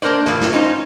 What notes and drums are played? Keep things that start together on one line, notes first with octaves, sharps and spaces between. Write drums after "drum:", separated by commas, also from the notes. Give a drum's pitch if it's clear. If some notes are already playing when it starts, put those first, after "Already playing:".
A#3 D4 A#4 C5 D5
A2 E3 A#3, drum: snare
drum: snare
C#4 D#4 F4 C5